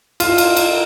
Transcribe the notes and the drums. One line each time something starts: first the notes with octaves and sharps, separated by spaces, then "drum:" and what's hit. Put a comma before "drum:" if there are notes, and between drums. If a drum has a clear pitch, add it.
F4, drum: cymbal
drum: cymbal
drum: cymbal